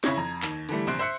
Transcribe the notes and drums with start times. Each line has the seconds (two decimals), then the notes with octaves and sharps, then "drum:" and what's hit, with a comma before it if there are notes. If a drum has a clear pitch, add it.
0.04 C#3 E4 C#5 G#6 A#6, drum: snare
0.17 F2 A#5
0.42 D#2, drum: clap
0.69 D3 E3 G3 A3, drum: hi-hat
0.87 A#1 C3 C5 F#6 D7
0.99 C5 E5 F#6 C#7